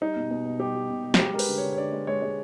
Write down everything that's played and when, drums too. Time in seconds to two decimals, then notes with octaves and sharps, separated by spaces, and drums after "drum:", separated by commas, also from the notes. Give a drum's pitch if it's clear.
0.01 G3 D#4
0.16 B2
0.31 B2
0.45 B2
0.60 G3 G4
0.75 G3
0.89 B2
1.04 G3
1.14 F#4, drum: snare
1.19 G#3 G4
1.34 G#3 A#4
1.39 B4, drum: open hi-hat
1.48 D3
1.58 C#5
1.64 D3
1.73 C#5
1.78 D3 D5
1.92 G#3
2.07 G#3 C#5
2.22 G#3